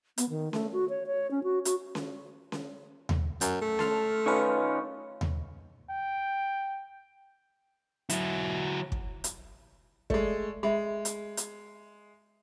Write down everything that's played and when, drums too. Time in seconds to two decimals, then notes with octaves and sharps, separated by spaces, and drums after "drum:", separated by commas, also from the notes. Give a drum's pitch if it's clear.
0.18 B3, drum: hi-hat
0.30 D#3
0.53 A3, drum: snare C#4
0.73 F#4
0.89 C#5
1.07 C#5
1.31 C#4
1.43 F#4
1.65 F#4, drum: hi-hat
1.95 drum: snare C#4
2.52 drum: snare C#4
3.09 drum: tom D#2
3.41 F#2, drum: hi-hat
3.61 A3
3.79 A5 C6 F6, drum: snare C#4
4.26 D#3 C#4 F4 B4 C#6
5.21 drum: tom D#2
5.90 G5
8.10 F#3 E4, drum: hi-hat
8.92 drum: kick
9.24 drum: hi-hat
10.10 G#3 A3 D5, drum: kick
10.63 G#3 E5 B5
11.05 drum: hi-hat
11.37 drum: hi-hat